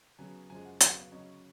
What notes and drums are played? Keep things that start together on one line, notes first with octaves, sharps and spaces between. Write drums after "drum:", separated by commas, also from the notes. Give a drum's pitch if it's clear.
C#3 F#3 B3 G#5
F#2 C#3 F3 G#3 G#5
F#5
C#3 F#3 B3 F#5, drum: hi-hat
F5
C#3 F#3 C#4 D#5